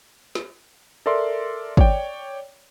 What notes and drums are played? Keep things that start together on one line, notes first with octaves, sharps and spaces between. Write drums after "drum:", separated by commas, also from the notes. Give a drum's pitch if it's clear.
drum: snare
A4 A#4 D5 E5 C6
C#5 D5 G5, drum: kick